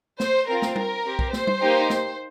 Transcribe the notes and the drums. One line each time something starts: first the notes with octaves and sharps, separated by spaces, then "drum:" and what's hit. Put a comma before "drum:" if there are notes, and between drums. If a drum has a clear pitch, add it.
C5, drum: snare
C4 F4 A#4
drum: snare
A#4, drum: tom G3
C4 G4
drum: kick
C5, drum: snare
drum: tom G3
A#3 D#4 G4
drum: snare